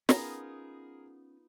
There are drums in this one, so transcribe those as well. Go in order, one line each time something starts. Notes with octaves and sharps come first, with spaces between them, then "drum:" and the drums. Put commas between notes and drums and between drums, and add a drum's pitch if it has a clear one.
B3 C#4 D#4 F4 G#4 A#4 A#5, drum: snare